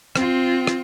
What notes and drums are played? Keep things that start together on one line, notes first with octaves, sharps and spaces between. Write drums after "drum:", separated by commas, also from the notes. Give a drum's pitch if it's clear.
C4 F4, drum: rim click
drum: rim click